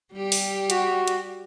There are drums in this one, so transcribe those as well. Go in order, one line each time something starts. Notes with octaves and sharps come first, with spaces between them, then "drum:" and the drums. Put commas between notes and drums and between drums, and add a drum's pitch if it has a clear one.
G3 G4
drum: open hi-hat
F#4, drum: hi-hat
drum: hi-hat